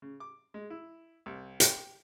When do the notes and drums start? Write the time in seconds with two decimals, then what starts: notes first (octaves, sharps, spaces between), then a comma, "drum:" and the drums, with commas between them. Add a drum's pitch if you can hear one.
0.02 C#3
0.20 D6
0.54 G#3
0.70 E4
1.26 C2
1.60 G4, drum: hi-hat